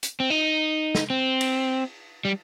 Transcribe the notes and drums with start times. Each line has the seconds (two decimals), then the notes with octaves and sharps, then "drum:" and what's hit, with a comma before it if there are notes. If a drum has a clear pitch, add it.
0.03 drum: hi-hat
0.20 C4
0.30 D#4
0.95 drum: snare
1.10 C4
1.41 drum: cymbal
2.25 G3